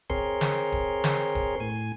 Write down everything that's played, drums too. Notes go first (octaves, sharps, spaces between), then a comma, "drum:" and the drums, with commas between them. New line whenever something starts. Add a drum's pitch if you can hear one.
C4 G#4 A#4 C#5 C6, drum: kick D#1
drum: snare
drum: kick D#1
drum: snare
drum: kick D#1
A2 G#5